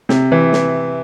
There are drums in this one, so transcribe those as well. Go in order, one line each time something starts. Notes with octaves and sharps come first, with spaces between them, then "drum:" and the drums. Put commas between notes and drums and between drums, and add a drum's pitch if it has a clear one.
C3, drum: snare
E3
drum: snare